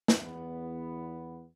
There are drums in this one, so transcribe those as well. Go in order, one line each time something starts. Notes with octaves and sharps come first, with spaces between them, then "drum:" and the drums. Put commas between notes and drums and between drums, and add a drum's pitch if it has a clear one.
drum: snare
E2 B3